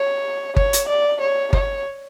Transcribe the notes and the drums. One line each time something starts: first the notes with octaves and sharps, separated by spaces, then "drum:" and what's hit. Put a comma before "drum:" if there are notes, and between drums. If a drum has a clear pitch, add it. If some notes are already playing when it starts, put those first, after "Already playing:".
Already playing: C#5
C#5, drum: kick G1
drum: hi-hat
D5
C#5
C#5, drum: kick G1